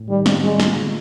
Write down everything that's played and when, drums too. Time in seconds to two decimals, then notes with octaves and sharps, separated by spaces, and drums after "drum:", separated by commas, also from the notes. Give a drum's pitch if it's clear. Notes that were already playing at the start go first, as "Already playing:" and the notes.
Already playing: A2
0.09 D#3 G3
0.26 C4, drum: snare
0.43 G3 G#3
0.60 F4, drum: snare
0.76 D3